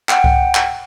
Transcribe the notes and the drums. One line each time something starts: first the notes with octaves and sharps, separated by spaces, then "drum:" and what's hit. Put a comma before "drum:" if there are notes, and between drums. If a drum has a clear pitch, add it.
F#5 G5, drum: clap
drum: kick C2
drum: clap